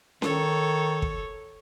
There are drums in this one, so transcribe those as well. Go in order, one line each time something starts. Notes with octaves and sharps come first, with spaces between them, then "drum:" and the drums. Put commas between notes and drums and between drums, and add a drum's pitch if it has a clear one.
D#3 A4 C#5, drum: snare C#4
drum: kick